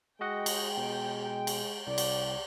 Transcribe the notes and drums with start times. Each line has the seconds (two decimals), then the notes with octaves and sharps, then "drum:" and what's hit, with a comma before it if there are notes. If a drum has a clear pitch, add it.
0.21 G#3 F#4 D#5 F#5 G5
0.46 drum: cymbal
0.77 B2
1.47 drum: cymbal
1.87 C2 D5
1.98 drum: cymbal